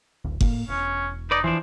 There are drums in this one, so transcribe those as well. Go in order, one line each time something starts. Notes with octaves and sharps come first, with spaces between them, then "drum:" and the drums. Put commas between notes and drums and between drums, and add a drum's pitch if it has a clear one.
D1 G#1 D2
A2 A#3, drum: kick F#1
E1 C#4
D#4 B4 D5
E3 F3 D4 C5